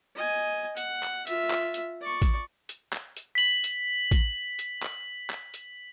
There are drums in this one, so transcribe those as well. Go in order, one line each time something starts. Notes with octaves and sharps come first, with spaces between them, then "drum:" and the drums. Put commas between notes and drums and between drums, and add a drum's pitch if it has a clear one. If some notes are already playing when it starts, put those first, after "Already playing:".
D#5 G#5
F#5, drum: hi-hat
drum: clap
F4 E5, drum: hi-hat
drum: clap
drum: hi-hat
D5 C#6
drum: kick A1, hi-hat
drum: hi-hat
drum: clap
drum: hi-hat
B6 F#7
drum: hi-hat
drum: kick A1, hi-hat
drum: hi-hat
drum: clap
drum: clap
drum: hi-hat